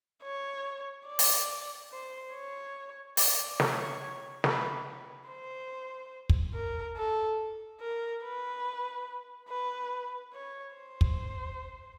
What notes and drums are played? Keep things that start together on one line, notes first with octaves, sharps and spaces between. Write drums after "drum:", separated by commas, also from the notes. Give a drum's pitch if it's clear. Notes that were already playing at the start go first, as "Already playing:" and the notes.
C#5
D5
drum: open hi-hat
C5
C#5
D5, drum: open hi-hat
C#5, drum: snare
B4, drum: snare
C5
drum: kick
A#4
A4
A#4
B4
B4
C#5
C5
drum: kick